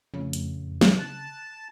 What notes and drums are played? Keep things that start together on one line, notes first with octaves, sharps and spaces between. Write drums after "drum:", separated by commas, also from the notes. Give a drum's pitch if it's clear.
F2 A2 C#3
drum: hi-hat
drum: snare
A5 F#6